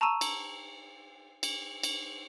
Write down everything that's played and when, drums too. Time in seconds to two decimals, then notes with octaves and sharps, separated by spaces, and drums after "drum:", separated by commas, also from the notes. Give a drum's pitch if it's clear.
0.01 A5 A#5 C#6 E6 D#7 E7
0.21 drum: cymbal
1.43 drum: cymbal
1.83 drum: cymbal